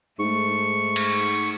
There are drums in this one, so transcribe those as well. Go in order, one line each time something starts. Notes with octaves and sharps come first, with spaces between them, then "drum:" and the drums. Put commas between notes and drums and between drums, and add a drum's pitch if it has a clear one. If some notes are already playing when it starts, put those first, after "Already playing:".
G#2 A3 C#6
drum: cymbal